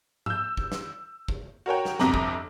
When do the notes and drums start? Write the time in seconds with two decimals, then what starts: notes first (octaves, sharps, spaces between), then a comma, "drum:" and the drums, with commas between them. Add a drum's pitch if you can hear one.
0.26 E6 G6, drum: tom G#2
0.57 drum: kick
0.72 drum: snare
1.28 drum: kick
1.66 F#4 A#4 C#5 G5
1.85 drum: snare
1.99 G1 F2 C3 A#5 D6 F#7, drum: snare
2.14 drum: kick